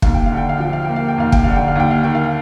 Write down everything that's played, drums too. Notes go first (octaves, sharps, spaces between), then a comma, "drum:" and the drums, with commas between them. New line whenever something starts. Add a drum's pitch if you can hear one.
D#2 F5, drum: kick
G5
F5
D3
G5
F5
F3 G5
F5
A#3 G5
F5
G5
D#2 F5
G5, drum: kick
D3 F5
G5
F5
D#2 G5
F5
D#3 G5
F5